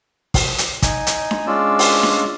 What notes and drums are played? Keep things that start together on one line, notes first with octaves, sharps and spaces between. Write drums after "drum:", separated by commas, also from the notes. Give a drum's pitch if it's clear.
drum: kick, open hi-hat
drum: hi-hat
D#4 G#5, drum: kick, hi-hat
drum: hi-hat
drum: snare D4
G#3 C#4 D4 F4 D5 E6
drum: open hi-hat
drum: snare D4